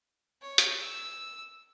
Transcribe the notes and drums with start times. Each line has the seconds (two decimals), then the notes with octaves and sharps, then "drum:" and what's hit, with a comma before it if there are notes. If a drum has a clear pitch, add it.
0.42 C#5
0.58 drum: hi-hat
0.80 E6